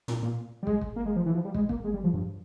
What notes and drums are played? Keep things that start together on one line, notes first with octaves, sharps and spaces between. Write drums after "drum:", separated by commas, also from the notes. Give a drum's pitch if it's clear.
A#2, drum: tom
A#2
G3
G#3, drum: kick
drum: kick
A#3
G#3
F3
E3
F3
G3
G#3, drum: kick
A#3, drum: kick
G#3
G3
F3
G2